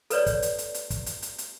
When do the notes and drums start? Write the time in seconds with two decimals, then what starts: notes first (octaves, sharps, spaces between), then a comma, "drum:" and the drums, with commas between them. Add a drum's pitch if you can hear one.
0.10 A4 B4 C#5 D5, drum: hi-hat
0.26 drum: kick, hi-hat
0.42 drum: hi-hat
0.58 drum: hi-hat
0.74 drum: hi-hat
0.90 drum: kick, hi-hat
1.06 drum: hi-hat
1.22 drum: hi-hat
1.38 drum: hi-hat